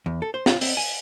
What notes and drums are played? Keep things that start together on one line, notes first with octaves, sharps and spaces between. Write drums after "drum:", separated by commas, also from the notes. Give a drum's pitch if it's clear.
E2
A4
C5
F4, drum: snare
C4, drum: open hi-hat
G#5